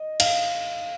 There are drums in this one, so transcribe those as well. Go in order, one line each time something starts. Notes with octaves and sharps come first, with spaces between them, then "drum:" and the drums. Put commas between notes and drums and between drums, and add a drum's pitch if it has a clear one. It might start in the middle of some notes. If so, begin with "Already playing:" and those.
Already playing: D#5
F5, drum: cymbal